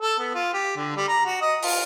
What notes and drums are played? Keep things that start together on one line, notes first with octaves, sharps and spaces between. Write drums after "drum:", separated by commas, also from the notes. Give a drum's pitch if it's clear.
A4
B3
F4
G4
D3
G3
A#5
F#4
D#5
F4, drum: open hi-hat